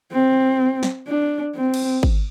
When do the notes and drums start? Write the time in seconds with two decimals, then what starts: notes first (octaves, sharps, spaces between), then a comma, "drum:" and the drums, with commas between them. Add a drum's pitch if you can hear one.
0.13 C4
0.83 drum: snare
1.08 D4
1.55 C4
1.74 drum: cymbal
2.03 drum: kick G#1